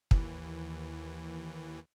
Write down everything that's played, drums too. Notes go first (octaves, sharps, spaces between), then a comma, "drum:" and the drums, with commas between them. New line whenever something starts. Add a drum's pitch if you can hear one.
D#2 E3, drum: kick